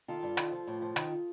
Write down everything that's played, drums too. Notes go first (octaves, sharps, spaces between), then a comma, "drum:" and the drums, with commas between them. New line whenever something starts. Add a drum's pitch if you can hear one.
D#3 F4 A4
G2
D#3, drum: hi-hat
F3
A2
F3
D#3, drum: hi-hat